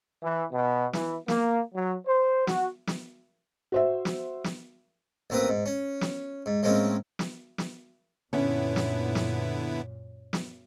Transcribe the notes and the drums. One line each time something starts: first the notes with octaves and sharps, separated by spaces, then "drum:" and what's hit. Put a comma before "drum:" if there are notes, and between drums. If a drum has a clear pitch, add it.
E3
B2
E3, drum: snare
A#3, drum: snare
F#3
C5
F#4, drum: snare
drum: snare
F#4 C5 E5
drum: snare
drum: snare
A1 A#3 C4 B4 D#6
G#2
C#4
drum: snare
G#2
A2 G#3 A#3 C4 C#4
drum: snare
drum: snare
F#2 A#2 D3 B3 C#4 E4
drum: snare
drum: snare
drum: snare